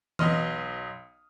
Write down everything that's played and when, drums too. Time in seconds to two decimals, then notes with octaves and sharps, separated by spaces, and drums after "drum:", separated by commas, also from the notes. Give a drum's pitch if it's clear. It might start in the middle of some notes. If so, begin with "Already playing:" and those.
0.19 B1 B3 D#5 C6 D#6 F6, drum: tom E3